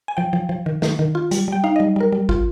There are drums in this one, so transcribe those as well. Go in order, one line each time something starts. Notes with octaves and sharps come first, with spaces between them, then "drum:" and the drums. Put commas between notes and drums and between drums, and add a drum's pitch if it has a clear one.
G#5
F3 G5
F3
F3
D#3
D#3, drum: snare
D#3
F4
G3, drum: hi-hat
G3 G5
D#4 F5
G3 D#5
G3 A#4
G3
F4, drum: kick G#1